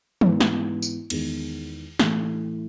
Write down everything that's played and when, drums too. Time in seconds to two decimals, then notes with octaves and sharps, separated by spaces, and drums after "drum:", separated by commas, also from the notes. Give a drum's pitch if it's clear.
0.21 G#2 E3 B3 E4, drum: tom
0.40 drum: snare
0.82 drum: tambourine
1.10 E2 D#3 G#3, drum: cymbal
1.99 A2 E3 A3 E4, drum: snare